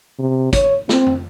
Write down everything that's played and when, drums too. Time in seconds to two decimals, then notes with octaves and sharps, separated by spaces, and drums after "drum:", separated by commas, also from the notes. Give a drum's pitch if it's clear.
0.20 C3
0.53 C#5, drum: kick, hi-hat
0.89 C4, drum: snare
1.06 drum: tom F2